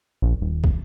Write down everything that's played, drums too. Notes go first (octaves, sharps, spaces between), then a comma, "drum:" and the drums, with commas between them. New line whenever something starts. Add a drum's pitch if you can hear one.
A#1
D#1
drum: kick